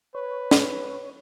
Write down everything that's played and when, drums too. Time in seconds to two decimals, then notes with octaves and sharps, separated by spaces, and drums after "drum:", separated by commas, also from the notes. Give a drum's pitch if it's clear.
0.15 B4 C#5
0.51 drum: snare